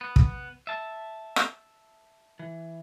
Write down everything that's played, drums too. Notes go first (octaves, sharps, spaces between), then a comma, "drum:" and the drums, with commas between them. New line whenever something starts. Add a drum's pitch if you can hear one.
B3
drum: kick
E5 A5
drum: rim click
E3